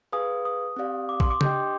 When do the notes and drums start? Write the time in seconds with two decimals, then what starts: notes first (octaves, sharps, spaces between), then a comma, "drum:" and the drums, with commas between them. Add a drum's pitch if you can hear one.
0.12 G#4 B4 F5 G#5 D#6
0.45 D#6
0.76 C4 G4 D5 F5
1.09 D6
1.20 C6, drum: kick A#1
1.30 D6
1.41 D4 G4 C5 D#5 G5 G6, drum: tom C#3